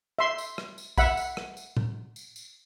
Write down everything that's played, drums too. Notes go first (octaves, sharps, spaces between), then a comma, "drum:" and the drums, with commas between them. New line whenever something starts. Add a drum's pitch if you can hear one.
E5 C6
drum: tambourine
drum: rim click
drum: tambourine
E5 F#5 B5, drum: kick A#1, tambourine
drum: tambourine
drum: rim click
drum: tambourine
drum: tom A2
drum: tambourine
drum: tambourine